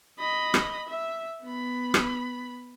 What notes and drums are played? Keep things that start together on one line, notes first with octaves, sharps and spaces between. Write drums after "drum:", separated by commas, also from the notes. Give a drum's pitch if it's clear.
D#5 B5
drum: rim click
E5
B3 B5
drum: rim click